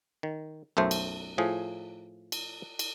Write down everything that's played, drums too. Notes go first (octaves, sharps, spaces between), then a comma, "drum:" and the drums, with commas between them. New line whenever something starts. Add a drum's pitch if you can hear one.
D#3
B1 F#2 A3 C5
drum: cymbal
A2 F3 G#4
drum: cymbal
drum: cymbal